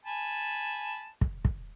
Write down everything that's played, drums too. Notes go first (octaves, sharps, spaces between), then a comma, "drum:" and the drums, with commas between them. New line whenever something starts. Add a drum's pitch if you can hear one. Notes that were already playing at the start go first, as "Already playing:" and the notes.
G#5 A5 B5
drum: kick
drum: kick